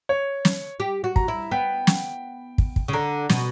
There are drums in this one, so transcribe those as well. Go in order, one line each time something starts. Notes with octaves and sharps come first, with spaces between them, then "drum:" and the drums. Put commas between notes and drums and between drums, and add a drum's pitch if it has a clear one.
C#5
drum: snare
G4
F#4
A#5, drum: kick
E4
B3 G5
drum: snare
drum: kick
drum: kick
C#3
D3 A#5
B2, drum: snare